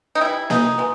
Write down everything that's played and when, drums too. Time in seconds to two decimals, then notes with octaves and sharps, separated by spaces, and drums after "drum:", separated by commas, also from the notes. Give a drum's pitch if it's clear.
0.15 D#4
0.21 E3 G3 E4
0.50 E3 D#4, drum: snare A#3
0.78 G#3 B3